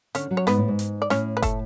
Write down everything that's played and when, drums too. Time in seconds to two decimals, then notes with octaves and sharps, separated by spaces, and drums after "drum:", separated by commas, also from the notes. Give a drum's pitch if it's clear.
0.15 D3 C#4 C#5, drum: hi-hat
0.31 F#3
0.37 C#5
0.47 G#2 B3 B4, drum: snare
0.58 A2
0.68 G#2
0.79 drum: hi-hat
1.02 D5
1.10 A2 C#4 C#5, drum: snare
1.37 B4
1.42 A3 A4, drum: kick F#1, hi-hat